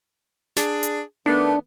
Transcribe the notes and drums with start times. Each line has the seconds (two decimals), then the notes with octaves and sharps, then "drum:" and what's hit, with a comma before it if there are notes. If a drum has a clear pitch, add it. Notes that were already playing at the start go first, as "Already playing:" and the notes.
0.56 D4 G#4, drum: snare
0.83 drum: hi-hat
1.26 D#3 A3 B3 D4, drum: tom D4